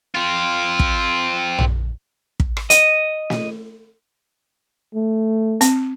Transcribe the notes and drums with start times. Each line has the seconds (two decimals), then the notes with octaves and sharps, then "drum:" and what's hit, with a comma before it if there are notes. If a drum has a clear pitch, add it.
0.15 C4 F4
0.79 drum: kick
1.59 drum: tom A#1
2.40 drum: kick
2.57 drum: rim click
2.70 D#5, drum: hi-hat
3.30 drum: snare
4.95 A3
5.61 C4, drum: hi-hat